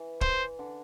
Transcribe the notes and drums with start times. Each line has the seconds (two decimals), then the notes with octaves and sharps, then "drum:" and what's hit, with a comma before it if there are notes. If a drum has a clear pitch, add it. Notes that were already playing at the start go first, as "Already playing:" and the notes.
Already playing: E3
0.21 C5, drum: kick
0.59 D3